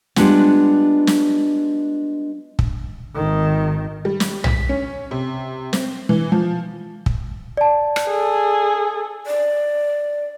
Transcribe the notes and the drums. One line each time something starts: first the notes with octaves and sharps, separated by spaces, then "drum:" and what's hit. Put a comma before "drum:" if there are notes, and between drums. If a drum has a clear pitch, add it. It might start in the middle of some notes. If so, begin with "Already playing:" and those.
G3 G#3 B3 D4 F4 F#5, drum: snare
drum: snare
drum: kick
G#1 D#3
G3
drum: snare
B6, drum: tom B1
C#4
C3
C4, drum: snare
E3
F3
drum: kick
D5 A5
drum: rim click
G#4 A4
D5